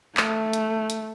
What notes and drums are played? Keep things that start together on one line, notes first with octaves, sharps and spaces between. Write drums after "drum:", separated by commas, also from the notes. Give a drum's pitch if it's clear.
A3, drum: clap
drum: hi-hat
drum: hi-hat